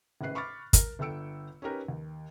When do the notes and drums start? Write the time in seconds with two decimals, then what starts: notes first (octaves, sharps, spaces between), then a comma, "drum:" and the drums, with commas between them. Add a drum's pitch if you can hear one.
0.21 G#1 A2 C#3 B4 F#6 C7
0.35 B5 C#6 D6 F6 A6
0.73 A#4, drum: kick, hi-hat
0.99 G1 D3 G5 E6 C#7 D7
1.62 C#4 D#4 G4 A#4 B4
1.88 D#2